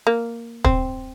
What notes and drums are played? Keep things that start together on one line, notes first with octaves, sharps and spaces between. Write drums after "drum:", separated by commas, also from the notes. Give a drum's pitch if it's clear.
A#3
C4, drum: kick